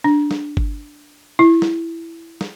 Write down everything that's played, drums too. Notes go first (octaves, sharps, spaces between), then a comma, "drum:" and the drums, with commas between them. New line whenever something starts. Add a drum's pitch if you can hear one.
D4
drum: snare
drum: kick G1
E4
drum: snare
drum: snare